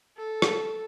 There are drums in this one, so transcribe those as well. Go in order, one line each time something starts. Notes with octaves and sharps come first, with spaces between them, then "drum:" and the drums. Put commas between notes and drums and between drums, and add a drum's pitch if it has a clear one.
A4
drum: rim click